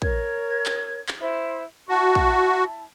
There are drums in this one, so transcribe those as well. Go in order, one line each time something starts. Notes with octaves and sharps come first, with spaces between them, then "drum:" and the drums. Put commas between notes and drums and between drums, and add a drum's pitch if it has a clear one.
A#4 C#5 G#6, drum: kick
drum: clap
drum: clap
E4 C5
E4 F#4 A5
drum: kick